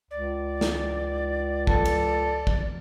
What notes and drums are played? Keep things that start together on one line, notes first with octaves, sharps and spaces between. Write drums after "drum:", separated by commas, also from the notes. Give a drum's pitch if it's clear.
C#2 D5
drum: snare
A4, drum: kick
drum: cymbal
drum: kick